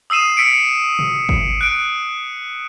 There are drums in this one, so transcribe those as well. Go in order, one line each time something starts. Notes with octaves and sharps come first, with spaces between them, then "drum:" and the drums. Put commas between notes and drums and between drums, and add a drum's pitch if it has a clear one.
D#6 E6 C7 D#7 E7
E6 B6 C#7 D7
drum: tom A#2
drum: kick
F#6 D7